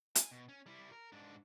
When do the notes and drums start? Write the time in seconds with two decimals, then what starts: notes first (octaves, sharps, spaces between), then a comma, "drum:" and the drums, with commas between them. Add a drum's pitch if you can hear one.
0.15 G#5, drum: hi-hat
0.31 B2
0.49 C#4
0.66 G3 E4
0.91 A#4
1.12 G#2 D4